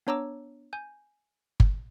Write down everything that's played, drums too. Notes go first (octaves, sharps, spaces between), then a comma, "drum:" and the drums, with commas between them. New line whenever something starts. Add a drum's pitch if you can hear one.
B3 D4 C#5 A#5 D6 E6
G#5 G6
drum: kick G1